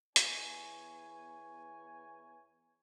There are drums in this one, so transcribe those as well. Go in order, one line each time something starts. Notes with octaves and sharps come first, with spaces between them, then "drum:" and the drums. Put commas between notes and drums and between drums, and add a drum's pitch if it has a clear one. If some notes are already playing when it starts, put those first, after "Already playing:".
E2 B3 E4 C#5 G#5, drum: hi-hat